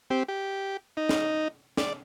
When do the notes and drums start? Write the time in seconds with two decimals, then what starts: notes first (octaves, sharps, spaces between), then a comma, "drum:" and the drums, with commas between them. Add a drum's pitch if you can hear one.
0.10 C4 G4
0.28 G4
0.97 D#4
1.09 drum: snare
1.77 D5, drum: snare